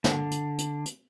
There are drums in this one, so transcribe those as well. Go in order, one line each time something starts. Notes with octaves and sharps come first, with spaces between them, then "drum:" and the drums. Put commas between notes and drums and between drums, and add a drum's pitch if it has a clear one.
D3, drum: snare
drum: hi-hat
drum: hi-hat
drum: hi-hat